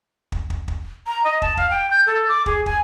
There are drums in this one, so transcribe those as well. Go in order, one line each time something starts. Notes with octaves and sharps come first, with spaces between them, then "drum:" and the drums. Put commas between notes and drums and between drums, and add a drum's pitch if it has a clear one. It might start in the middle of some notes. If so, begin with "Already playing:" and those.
drum: kick
drum: kick
drum: kick
A#5
D#5
A5, drum: kick
F5, drum: kick
G5
G6
A4
D6
G#4, drum: kick
G#5, drum: kick